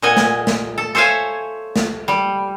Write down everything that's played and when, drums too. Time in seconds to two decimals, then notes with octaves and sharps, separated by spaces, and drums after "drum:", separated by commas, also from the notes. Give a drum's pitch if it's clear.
0.02 A#2 A4 D#5 F#5 G#5
0.17 drum: snare
0.47 drum: snare
0.78 A4
0.95 A4 C5 C#5 E5 F5 G#5
1.76 drum: snare
2.08 G3